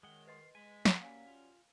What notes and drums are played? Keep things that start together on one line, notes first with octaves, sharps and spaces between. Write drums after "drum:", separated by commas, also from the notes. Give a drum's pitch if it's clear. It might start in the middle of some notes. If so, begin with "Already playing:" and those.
F#2 D#3 G#3 F#5 G7
B4 D#5 C6 C7
G#3 G#5 B6
drum: snare
F#3 G3 A#3 C#4 F5 G#5
F4